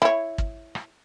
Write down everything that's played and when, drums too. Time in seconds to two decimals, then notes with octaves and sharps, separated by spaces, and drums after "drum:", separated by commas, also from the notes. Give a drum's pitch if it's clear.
0.02 E4 C#5, drum: rim click
0.38 drum: kick
0.75 drum: rim click